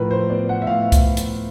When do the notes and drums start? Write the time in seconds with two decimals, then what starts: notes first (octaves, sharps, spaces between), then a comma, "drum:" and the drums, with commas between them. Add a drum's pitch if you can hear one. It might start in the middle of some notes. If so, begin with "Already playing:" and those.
Already playing: A2 F3 A#4 B4
0.11 C5
0.30 B3 D5
0.49 F#5
0.62 E5
0.67 A2 F5
0.92 drum: kick, hi-hat
1.17 drum: hi-hat